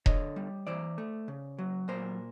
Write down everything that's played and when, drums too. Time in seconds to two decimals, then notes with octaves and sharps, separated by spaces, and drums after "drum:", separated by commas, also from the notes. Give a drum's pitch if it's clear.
0.06 D3 C#5 D#5, drum: kick E1
0.36 G3
0.67 E3 C5 D5
0.98 A3
1.28 C#3
1.58 F#3
1.88 A#2 A#4 C5